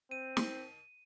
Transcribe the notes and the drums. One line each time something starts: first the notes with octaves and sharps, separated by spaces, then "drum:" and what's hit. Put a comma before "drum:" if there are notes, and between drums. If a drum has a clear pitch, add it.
C4 D#7
drum: snare